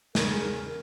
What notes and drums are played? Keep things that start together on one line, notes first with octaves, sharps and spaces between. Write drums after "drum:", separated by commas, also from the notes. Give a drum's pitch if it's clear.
E2 C#3 A#4, drum: snare